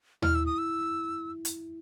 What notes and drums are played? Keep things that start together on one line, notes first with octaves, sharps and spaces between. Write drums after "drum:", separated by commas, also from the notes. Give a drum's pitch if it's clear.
E4 F6, drum: tom D#2
E6
D#6
E6
drum: hi-hat